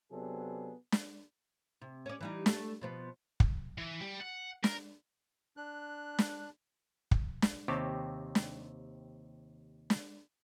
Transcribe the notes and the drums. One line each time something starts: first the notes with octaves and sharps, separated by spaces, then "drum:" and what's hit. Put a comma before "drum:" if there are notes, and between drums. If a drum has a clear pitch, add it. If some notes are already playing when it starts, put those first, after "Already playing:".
C3 F#3 B3 D4 G#4 A4
drum: snare
C3
C#4 D5
E3 G3 D#4
A3, drum: snare
B2 F3 B3
drum: kick
E3
G3
F#5
A#4, drum: snare
D4 F#6
drum: snare
drum: kick
drum: snare
D#2 C3 C4 G4 C#5 A5
drum: snare
drum: snare